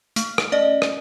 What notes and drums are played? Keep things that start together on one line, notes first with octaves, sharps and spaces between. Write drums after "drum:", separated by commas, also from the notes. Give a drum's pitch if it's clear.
A3, drum: hi-hat
drum: rim click
C#4 D5 D#5
drum: rim click